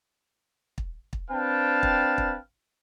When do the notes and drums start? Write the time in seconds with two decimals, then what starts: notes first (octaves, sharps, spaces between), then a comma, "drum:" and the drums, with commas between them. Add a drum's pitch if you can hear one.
0.78 drum: kick
1.13 drum: kick
1.30 C4 D4 B4 F5 G5 A5
1.83 drum: kick
2.18 drum: kick